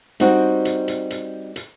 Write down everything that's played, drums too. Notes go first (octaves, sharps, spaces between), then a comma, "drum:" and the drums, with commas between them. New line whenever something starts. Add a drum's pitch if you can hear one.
G3 C4 D#4 F#4, drum: hi-hat
drum: hi-hat
drum: hi-hat
drum: hi-hat
drum: hi-hat